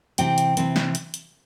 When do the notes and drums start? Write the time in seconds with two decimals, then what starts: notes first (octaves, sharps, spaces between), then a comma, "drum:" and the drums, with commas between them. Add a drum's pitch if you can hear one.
0.18 C3 E3 C4 G5, drum: hi-hat
0.38 drum: hi-hat
0.57 C3 E3 C4, drum: hi-hat
0.76 drum: snare
0.95 drum: hi-hat
1.14 drum: hi-hat